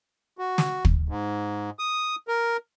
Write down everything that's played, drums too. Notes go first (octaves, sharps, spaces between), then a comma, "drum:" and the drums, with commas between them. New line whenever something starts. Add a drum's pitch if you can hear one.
F#4
drum: snare
drum: kick
G#2
D#6
A#4